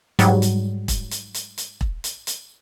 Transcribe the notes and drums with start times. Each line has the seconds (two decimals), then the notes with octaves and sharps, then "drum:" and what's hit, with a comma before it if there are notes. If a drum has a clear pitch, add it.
0.19 G#2 F#3 G3, drum: hi-hat
0.42 drum: hi-hat
0.88 drum: kick E1, hi-hat
1.11 drum: hi-hat
1.34 drum: hi-hat
1.58 drum: hi-hat
1.81 drum: kick E1
2.04 drum: hi-hat
2.27 drum: hi-hat